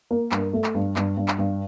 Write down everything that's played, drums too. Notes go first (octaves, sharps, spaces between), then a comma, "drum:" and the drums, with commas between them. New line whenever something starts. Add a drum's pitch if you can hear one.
A#3
G2, drum: clap
A3
drum: clap
G2
G2, drum: clap
G2
drum: clap
G2